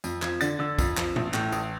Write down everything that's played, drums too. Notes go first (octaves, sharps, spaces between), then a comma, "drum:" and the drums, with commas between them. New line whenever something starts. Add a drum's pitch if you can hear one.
F2, drum: tambourine
F3 G#6, drum: clap
D3 A6, drum: tambourine
D3 E6
F2, drum: kick B1, tambourine
F3, drum: clap
A1, drum: tom A#2
A2, drum: clap
A1, drum: tambourine